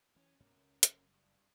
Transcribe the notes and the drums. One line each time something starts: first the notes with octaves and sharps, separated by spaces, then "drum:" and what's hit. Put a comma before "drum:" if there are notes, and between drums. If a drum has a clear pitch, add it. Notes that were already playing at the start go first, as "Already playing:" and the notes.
E3 C#4
G2 B2 A#3 C#4 A#4
C#2
F#1, drum: hi-hat
G2